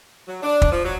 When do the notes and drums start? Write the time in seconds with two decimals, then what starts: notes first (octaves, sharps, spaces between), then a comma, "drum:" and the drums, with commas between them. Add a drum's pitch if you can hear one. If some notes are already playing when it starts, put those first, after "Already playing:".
0.27 F#3
0.42 D4
0.62 drum: kick
0.72 F3
0.85 F#3